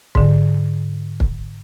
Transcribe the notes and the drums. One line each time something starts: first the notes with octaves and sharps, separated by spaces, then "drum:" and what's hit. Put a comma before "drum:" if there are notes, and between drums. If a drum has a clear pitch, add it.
G#2 D3, drum: kick
drum: kick